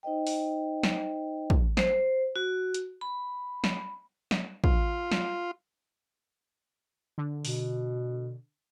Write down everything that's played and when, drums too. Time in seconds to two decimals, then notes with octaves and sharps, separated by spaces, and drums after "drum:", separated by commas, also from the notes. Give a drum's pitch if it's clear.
0.03 D#4 C5 D#5 G5
0.27 drum: open hi-hat
0.83 drum: snare
1.50 drum: kick
1.77 C5, drum: snare
2.36 F#4
2.74 drum: hi-hat
3.01 B5
3.64 drum: snare
4.31 drum: snare
4.64 F4, drum: kick
5.11 drum: snare
7.18 D3
7.45 B2, drum: open hi-hat